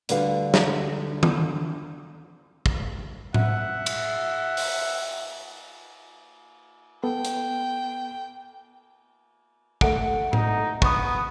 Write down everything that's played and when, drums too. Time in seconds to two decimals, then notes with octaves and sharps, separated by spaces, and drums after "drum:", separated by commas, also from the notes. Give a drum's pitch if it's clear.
0.09 D2 D3 G3 B4 F5, drum: hi-hat
0.54 drum: snare
1.23 drum: tom D#3
2.66 drum: kick
3.34 E5 F#5, drum: tom A2
3.86 drum: cymbal
4.57 drum: open hi-hat
7.04 B3 A4 G5
7.25 drum: hi-hat
9.81 A3 F#5 D7, drum: kick
10.33 D#4, drum: tom A2
10.82 B3 C#6 D#6, drum: kick